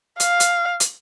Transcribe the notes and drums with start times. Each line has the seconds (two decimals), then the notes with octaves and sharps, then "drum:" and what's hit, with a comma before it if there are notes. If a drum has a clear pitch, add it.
0.20 F5, drum: hi-hat
0.40 drum: hi-hat
0.80 drum: hi-hat